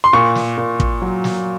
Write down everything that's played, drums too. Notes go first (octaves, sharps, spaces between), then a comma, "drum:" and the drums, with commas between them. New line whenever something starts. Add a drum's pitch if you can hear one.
C6
A#2 C#6
drum: snare
A#2
drum: kick
F#3
drum: snare